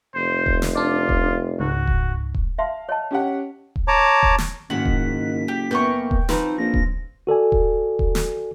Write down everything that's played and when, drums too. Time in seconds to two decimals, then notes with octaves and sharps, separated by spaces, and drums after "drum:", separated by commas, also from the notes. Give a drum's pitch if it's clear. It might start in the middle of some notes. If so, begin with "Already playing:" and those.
0.15 F1 C5
0.46 drum: kick D#1
0.62 drum: snare
0.75 D4 F4 D5
1.09 drum: kick D#1
1.60 C#2 G#2 F#4
1.87 drum: kick D#1
2.34 drum: kick D#1
2.59 E5 F5 A5 C6
2.89 C#5 D#5 A5
3.11 C#4 G4 F#5
3.76 drum: kick D#1
3.88 C#5 A5 A#5 D6
4.23 drum: kick D#1
4.38 drum: snare
4.70 F#1 G#2 D#3 F#5 B6
4.85 drum: kick D#1
5.48 G4
5.71 F#2 A#3 B3 G5 C#6
6.11 drum: kick D#1
6.29 F3 C4 D#4 B4, drum: snare
6.58 A#1 A#6
6.74 drum: kick D#1
7.27 F#4 A4 D5 G#5
7.52 drum: kick D#1
7.99 drum: kick D#1
8.15 drum: snare